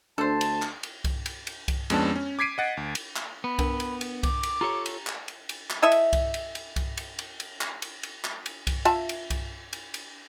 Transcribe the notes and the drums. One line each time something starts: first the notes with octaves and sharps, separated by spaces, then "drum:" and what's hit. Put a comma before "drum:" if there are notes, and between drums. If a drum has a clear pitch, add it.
D2 D4 A4 C5 A5
drum: cymbal
drum: clap
drum: cymbal
drum: kick C2, cymbal
drum: cymbal
drum: cymbal
drum: kick C2, cymbal
F2 G#3 B3 C#4 D4 A5, drum: cymbal
C#4
D6 G#6 B6 C7 D7 D#7
D#5 F#5 A6
D2
drum: cymbal
drum: clap
B3 B5
D4 A#4, drum: kick C2, cymbal
drum: cymbal
drum: cymbal
D6, drum: kick C2, cymbal
drum: cymbal
F4 G4 A4 C#5 A#5
drum: cymbal
drum: clap
drum: cymbal
drum: cymbal
drum: clap
E4 A4 D#5 E5
drum: cymbal
drum: kick C2, cymbal
drum: cymbal
drum: cymbal
drum: kick C2, cymbal
drum: cymbal
drum: cymbal
drum: cymbal
drum: clap
drum: cymbal
drum: cymbal
drum: clap
drum: cymbal
drum: kick C2, cymbal
F4 E5 A5, drum: cymbal
drum: cymbal
drum: kick C2, cymbal
drum: cymbal
drum: cymbal